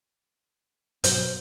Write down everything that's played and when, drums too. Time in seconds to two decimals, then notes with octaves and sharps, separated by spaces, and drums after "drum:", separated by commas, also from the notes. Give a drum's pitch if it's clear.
1.04 G2 B2 F#3 C5, drum: hi-hat